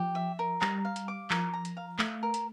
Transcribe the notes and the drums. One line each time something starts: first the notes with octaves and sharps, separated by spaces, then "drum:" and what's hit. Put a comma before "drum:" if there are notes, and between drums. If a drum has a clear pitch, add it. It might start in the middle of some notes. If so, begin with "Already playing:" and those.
Already playing: F3 G4
E5
A#4
G3 A#5, drum: clap
F5
drum: hi-hat
D6
F3 A#4, drum: clap
A#5
drum: hi-hat
F5
A3 E5, drum: clap
A#4
drum: hi-hat